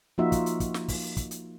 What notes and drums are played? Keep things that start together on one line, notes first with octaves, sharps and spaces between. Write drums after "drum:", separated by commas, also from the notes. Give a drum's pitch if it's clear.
F3 A#3 D#4 F4 F#4 E5
drum: kick, hi-hat
drum: hi-hat
drum: kick, hi-hat
drum: snare
drum: kick, open hi-hat
drum: kick, hi-hat
drum: hi-hat